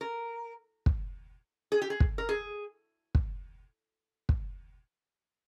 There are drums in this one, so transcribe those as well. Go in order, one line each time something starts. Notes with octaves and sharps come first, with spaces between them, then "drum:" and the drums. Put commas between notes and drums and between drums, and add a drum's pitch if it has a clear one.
A#4
drum: kick
G#4
G4
G#4
drum: kick
A#4
G#4
drum: kick
drum: kick